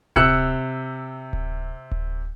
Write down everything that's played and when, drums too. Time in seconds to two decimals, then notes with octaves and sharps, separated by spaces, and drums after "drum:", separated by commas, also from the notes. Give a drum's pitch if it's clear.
0.16 C3 E6 F#6 C#7, drum: kick D1
1.33 drum: kick D1
1.91 drum: kick D1